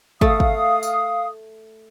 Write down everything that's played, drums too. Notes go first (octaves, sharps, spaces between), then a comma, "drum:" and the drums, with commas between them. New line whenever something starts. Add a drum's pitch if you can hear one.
A3 F5 D#6, drum: kick
drum: kick
drum: tambourine